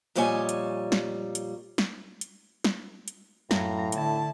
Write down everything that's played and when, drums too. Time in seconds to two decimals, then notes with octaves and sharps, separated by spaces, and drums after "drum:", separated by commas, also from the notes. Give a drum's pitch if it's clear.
0.15 F2 A#2 G3 C#5 D#5 G#5
0.49 drum: hi-hat
0.92 drum: snare
1.35 drum: hi-hat
1.78 drum: snare
2.21 drum: hi-hat
2.64 drum: snare
3.08 drum: hi-hat
3.51 F#2 A2 F5 A#5, drum: snare
3.92 D3 E4 A5, drum: hi-hat